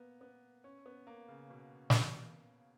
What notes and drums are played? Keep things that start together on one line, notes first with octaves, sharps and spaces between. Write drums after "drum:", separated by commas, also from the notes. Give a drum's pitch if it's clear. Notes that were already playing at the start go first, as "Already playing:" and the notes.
Already playing: A#3 B3
B3
C#4
B3
A#3
C#3
B2
drum: snare